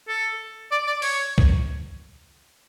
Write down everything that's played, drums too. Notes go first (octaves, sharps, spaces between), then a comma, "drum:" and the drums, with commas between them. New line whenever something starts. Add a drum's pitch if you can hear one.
A4
D5
D5
C#5, drum: open hi-hat
drum: kick C2